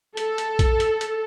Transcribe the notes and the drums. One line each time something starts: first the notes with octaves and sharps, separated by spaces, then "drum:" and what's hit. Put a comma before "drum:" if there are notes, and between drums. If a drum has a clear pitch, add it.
A4, drum: hi-hat
drum: hi-hat
drum: kick A#1, hi-hat
drum: hi-hat
drum: hi-hat